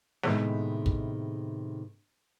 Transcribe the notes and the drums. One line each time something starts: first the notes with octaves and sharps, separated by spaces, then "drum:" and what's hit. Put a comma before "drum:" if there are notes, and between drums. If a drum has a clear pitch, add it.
A2 C3 D#3 G#3 B3 E4, drum: snare
drum: kick